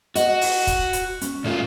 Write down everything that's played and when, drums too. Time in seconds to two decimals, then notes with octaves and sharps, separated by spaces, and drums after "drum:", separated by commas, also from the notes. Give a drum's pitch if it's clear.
0.15 F#4 D#5, drum: hi-hat
0.41 drum: open hi-hat
0.67 drum: kick, hi-hat
0.93 drum: hi-hat
1.21 C#4, drum: hi-hat
1.44 A#2 A3 F4